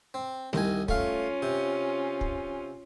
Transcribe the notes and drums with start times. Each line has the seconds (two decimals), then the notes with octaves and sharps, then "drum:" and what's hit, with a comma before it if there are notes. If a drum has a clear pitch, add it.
0.14 C4
0.53 C2 D#3 G#5, drum: snare A3
0.88 A3 C#4 F4 F5, drum: kick
1.42 C3
2.21 drum: kick